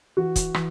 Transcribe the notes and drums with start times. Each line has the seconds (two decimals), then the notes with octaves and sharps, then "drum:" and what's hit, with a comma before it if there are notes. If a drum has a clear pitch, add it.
0.17 E3 F#4
0.36 drum: kick, hi-hat
0.54 E3, drum: rim click